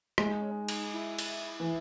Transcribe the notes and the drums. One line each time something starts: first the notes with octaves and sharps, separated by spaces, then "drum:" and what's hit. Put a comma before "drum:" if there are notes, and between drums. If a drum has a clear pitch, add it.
G#3 E4, drum: rim click
D#4
C#4
D#4
drum: cymbal
E4
drum: cymbal
E3